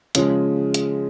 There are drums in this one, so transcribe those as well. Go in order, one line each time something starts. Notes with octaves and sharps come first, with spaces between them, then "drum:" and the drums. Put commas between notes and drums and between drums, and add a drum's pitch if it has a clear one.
C#3 F3 G#3, drum: hi-hat
drum: hi-hat